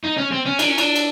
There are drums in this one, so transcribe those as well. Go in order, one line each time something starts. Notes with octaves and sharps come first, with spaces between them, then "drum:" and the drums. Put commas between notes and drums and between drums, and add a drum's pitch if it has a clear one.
D#4
C#4
C4
C#4
D4, drum: cymbal
C#4
D4, drum: cymbal
drum: cymbal